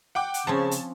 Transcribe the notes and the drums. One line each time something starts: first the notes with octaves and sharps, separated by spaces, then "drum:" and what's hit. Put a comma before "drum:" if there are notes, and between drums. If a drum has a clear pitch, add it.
F#5 G5 D6
drum: hi-hat
C#3 F3 C4 C#4 A5
drum: hi-hat